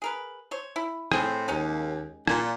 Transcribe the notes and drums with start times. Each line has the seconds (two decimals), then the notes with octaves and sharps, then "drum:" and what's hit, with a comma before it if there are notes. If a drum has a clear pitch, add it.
0.02 G#4 A#4 B4
0.51 C5 C#5
0.76 E4
1.12 A2 C4 G#4, drum: rim click
1.48 D#2 G#3 C#4 D#4
2.28 A#2, drum: rim click